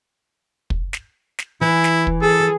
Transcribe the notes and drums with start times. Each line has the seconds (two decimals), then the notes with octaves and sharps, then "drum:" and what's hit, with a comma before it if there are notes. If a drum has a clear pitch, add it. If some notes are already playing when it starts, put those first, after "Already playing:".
0.70 drum: kick
0.93 drum: snare
1.39 drum: snare
1.61 E3 E4
1.84 drum: snare
2.07 drum: kick
2.21 G#4 A4